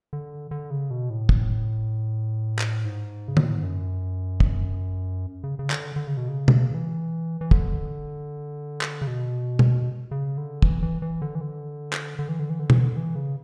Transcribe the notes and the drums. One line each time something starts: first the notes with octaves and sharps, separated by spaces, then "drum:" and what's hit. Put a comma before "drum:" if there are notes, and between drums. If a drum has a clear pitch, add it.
D3
D3
C#3
B2
A2
drum: kick
drum: clap
G#2
C#3
B2, drum: tom D3
A2
G#2
F#2
drum: kick
C#3
C#3
D3, drum: clap
D3
C#3
B2
C#3
drum: tom B2
E3
E3
D3, drum: kick
drum: clap
C#3
B2
drum: tom B2
C#3
D3
E3, drum: kick
E3
E3
D3
E3
D3
drum: clap
D3
E3
D3
E3
D3
E3, drum: tom B2
D3
E3
C#3